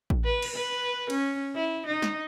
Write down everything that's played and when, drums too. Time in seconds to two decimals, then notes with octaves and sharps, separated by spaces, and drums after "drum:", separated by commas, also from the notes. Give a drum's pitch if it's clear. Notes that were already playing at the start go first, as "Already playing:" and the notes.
0.10 drum: kick A1
0.24 B4
0.42 drum: cymbal
0.55 B4
1.10 C#4, drum: cymbal
1.56 E4
1.86 D#4
2.02 drum: snare